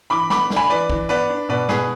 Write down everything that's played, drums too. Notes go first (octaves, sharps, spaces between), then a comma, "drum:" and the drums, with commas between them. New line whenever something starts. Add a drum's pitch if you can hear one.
E3 B5 D6
B3 B5 D6, drum: snare
D4, drum: snare
G#5 B5
E3 B4 D5
E3, drum: kick
B3 B4 D5
D4
B2 B4 D5
B2 G#4 B4, drum: snare